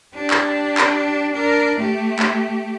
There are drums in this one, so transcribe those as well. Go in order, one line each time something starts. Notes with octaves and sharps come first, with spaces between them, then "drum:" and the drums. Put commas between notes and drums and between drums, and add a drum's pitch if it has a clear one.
D4 G4
drum: clap
drum: clap
D4 A#4
A3 G4
drum: clap